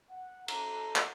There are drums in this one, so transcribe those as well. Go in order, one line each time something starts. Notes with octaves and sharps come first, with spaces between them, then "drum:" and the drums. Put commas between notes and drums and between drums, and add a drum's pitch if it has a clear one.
F#5
A4 A#5, drum: cymbal
drum: clap